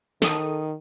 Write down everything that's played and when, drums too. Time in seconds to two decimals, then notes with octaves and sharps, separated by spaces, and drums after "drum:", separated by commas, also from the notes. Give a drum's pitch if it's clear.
0.22 D#3 A4 D#6, drum: snare